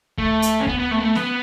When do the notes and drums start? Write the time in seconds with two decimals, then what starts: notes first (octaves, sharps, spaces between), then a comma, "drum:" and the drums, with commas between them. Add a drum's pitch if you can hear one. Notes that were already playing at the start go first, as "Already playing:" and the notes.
0.18 A3, drum: kick D2
0.42 drum: hi-hat
0.60 C#4
0.67 B3, drum: kick D2
0.79 B3
0.91 A3
0.98 B3
1.04 A3
1.15 B3, drum: snare B3